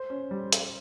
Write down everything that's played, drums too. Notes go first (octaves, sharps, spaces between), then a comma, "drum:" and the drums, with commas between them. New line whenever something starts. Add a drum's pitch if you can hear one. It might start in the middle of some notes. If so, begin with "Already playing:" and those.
Already playing: C5
C#4
G3
drum: hi-hat